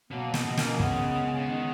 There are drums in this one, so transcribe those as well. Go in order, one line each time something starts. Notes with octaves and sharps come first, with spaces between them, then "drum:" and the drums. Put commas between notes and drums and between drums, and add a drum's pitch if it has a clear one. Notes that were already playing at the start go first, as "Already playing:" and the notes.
B2 F#3 A#3
G#3 B3, drum: snare
B2
A#3 C#4, drum: snare
C#3 G#3 B3, drum: kick
C#3
D#3